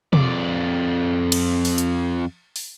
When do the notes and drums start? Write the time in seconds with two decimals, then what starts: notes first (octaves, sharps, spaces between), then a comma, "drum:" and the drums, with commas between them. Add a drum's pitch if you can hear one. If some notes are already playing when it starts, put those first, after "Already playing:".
0.13 F2 D5, drum: tom
1.32 drum: cymbal
1.65 drum: open hi-hat
1.78 drum: hi-hat
2.56 drum: open hi-hat